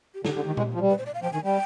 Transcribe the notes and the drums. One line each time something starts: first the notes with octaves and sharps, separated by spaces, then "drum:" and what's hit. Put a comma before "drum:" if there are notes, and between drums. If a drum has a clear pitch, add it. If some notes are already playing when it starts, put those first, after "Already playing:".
G4
D3 G4, drum: snare
D3
D#3
G#3, drum: tom A#2
F3
G3
B4
C5
D5
F5
F3 G5
D#3 G#5
G3 G5